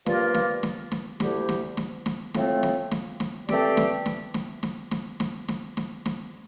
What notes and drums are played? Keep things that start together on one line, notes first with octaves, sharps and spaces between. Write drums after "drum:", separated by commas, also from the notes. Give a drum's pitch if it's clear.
G2 F3 A#3 F4 A#4, drum: snare
drum: snare
drum: snare
drum: snare
D2 D3 A3 E4 G4, drum: snare
drum: snare
drum: snare
drum: snare
A2 F3 A3 C4, drum: snare
drum: snare
drum: snare
drum: snare
E3 A3 C4 G4 D5, drum: snare
drum: snare
drum: snare
drum: snare
drum: snare
drum: snare
drum: snare
drum: snare
drum: snare
drum: snare